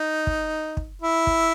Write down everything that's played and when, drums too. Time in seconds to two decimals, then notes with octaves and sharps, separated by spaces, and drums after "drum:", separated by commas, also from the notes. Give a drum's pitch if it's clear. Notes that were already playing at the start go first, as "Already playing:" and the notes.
Already playing: D#4
0.27 drum: kick
0.77 drum: kick
1.02 E4
1.27 drum: kick